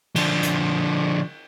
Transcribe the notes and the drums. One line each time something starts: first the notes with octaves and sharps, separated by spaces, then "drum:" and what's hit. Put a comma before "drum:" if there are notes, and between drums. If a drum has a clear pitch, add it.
D3 F3, drum: cymbal
drum: hi-hat